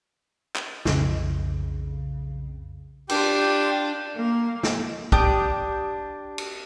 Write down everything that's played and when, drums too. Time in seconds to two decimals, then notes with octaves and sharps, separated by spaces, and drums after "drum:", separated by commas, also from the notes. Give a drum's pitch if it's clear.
0.55 drum: clap
0.85 B1 F2 C#3, drum: snare
3.09 D4 F4 G4 G5, drum: cymbal
4.15 A#3
4.63 drum: snare
5.12 D4 G4 D#6 G6, drum: kick
6.38 drum: cymbal